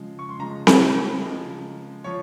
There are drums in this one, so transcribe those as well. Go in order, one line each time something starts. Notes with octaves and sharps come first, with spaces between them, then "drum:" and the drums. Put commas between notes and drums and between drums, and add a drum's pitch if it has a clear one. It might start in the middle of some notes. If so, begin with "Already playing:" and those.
Already playing: C#3 F3 G#3
C#6
C6
C#3 F3 G#3 A#5
drum: snare C4
C#3 F3 G#3
F3 C#5